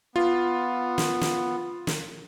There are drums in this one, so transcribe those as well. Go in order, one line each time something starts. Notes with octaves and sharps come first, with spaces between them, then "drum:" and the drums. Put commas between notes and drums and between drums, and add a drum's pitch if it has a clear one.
B3 F4
drum: snare
drum: snare
drum: snare